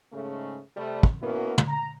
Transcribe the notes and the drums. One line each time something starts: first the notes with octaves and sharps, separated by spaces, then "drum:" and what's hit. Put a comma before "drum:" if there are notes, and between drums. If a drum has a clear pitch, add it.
G#2 C#3 A3
C3 G3 A3
drum: kick
B2 A#3 B3 C#4 E4 F#4
drum: tom
A#5